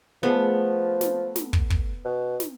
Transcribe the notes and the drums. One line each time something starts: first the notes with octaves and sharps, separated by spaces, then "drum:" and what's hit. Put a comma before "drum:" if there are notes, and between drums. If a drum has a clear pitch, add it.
F3 A3 B3 D4 G#4
drum: snare
drum: snare
drum: kick
drum: kick
B2
drum: snare